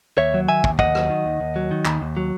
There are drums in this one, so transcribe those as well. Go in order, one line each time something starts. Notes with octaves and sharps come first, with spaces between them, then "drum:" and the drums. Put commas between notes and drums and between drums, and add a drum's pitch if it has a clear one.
D#2 C#5 E5
F#3
D#3 E5 G#5
D#2, drum: kick
D#2 D#5 F#5, drum: kick
F#3, drum: rim click
D#3
D#2
D#2
F#3
D#3
D#2, drum: clap
D#2
F#3